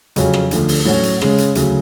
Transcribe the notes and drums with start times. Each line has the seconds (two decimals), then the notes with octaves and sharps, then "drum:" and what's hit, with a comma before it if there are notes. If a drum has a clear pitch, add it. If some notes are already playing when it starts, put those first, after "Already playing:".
0.16 F2 C#3 F#3 C#4, drum: hi-hat
0.33 drum: rim click
0.51 D2 D3 F3, drum: hi-hat
0.68 drum: open hi-hat
0.85 A2 F#3 C#4 F#4 C#5
1.03 drum: hi-hat
1.21 C#3 G#3 C#4, drum: rim click
1.38 drum: hi-hat
1.55 D2 C#3 F#3, drum: hi-hat